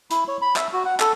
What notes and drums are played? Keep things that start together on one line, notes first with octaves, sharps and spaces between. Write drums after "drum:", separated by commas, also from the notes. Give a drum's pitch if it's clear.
E4, drum: hi-hat
C#5
B5
E5, drum: clap
F#4
F#5
A4, drum: clap